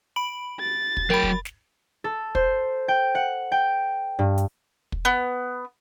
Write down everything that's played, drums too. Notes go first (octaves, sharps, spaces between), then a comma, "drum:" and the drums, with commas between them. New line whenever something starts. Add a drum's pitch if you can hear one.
B5 D7 F#7
A6
drum: kick
F#3 A#4 G5 B5
drum: kick
drum: snare
A4
C5, drum: kick
G5
F#5
G5
G2
drum: hi-hat
drum: kick
B3